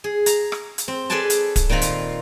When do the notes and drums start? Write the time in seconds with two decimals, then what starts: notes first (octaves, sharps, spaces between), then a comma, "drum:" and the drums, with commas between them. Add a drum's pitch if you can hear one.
0.04 G#4
0.26 A#5, drum: hi-hat
0.52 drum: rim click
0.78 drum: hi-hat
0.88 C4
1.10 G#4 A4 B4 D5 G#5 A5
1.30 drum: hi-hat
1.56 drum: kick D1, hi-hat
1.69 A#2 D#3 C4 F4 B5
1.82 drum: hi-hat